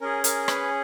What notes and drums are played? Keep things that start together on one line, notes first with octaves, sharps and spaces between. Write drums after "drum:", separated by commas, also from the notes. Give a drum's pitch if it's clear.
C#4 G#4 A#4
A#4, drum: hi-hat
B4, drum: rim click